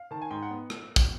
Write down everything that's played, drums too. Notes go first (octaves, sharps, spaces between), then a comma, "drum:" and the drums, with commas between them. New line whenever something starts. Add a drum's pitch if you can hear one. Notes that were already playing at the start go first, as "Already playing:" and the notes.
Already playing: F5
D#3 A5
G#5
G#2 G5
F#5
B3
drum: rim click
drum: kick, tambourine